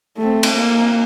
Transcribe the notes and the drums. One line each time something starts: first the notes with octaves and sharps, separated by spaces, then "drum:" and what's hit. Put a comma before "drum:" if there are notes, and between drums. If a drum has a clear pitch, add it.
A3 C4
drum: cymbal
A#3